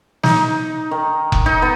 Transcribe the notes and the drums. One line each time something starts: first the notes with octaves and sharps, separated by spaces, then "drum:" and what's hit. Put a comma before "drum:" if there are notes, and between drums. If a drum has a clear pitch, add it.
D#4, drum: snare
D#3
drum: kick F1
D#4
B3